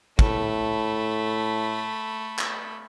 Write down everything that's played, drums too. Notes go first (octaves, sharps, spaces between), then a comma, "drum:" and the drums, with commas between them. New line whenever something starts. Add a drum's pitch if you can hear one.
A2 A3 B5, drum: kick
drum: clap